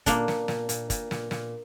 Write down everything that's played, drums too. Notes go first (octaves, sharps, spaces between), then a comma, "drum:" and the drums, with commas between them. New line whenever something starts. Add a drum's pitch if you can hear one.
A#2 A#3 D4, drum: kick, hi-hat
A#2, drum: snare
A#2, drum: snare
A#2, drum: hi-hat
A#2, drum: kick, hi-hat
A#2, drum: snare
A#2, drum: snare